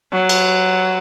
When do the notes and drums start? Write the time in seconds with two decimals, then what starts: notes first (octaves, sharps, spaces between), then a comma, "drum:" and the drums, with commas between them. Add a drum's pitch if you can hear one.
0.12 F#3
0.29 drum: cymbal